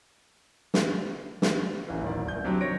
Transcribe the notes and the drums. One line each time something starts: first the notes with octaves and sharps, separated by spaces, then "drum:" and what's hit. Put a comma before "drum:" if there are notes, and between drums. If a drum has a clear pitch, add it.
drum: snare
drum: snare
A1 E3
D1 A1 D#3 D5
C2 G6
F#3 C4 D4 G4
D#3 C#5 A#6 D7